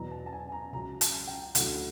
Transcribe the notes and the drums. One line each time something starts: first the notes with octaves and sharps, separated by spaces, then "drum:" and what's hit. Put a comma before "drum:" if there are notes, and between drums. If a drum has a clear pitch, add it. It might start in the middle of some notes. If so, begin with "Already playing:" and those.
Already playing: E2 B2 F#3 B3 A#5
A5
A5
G#5
A#5
C#2 C#3 F#3 A#5
A5, drum: hi-hat
G5
D2 D3 F#3 F#5, drum: hi-hat